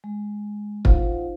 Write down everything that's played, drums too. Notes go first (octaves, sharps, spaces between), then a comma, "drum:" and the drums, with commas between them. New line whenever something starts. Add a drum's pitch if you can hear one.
G#3
D#4 F4 C5 F5 F#5, drum: kick